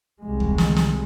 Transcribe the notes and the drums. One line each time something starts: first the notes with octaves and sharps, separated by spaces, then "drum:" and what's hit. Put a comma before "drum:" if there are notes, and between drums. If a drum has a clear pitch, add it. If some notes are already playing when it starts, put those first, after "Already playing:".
C2 G#3
drum: kick D#2
drum: snare
drum: snare